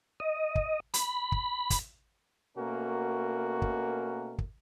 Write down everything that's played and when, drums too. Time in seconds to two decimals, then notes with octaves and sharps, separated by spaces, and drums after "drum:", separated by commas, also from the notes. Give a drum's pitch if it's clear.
0.20 D#5
0.55 drum: kick
0.94 B5, drum: hi-hat
1.32 drum: kick
1.70 drum: kick, hi-hat
2.57 B2 A3 A#3 C#4 F#4 A#4
3.62 drum: kick
4.38 drum: kick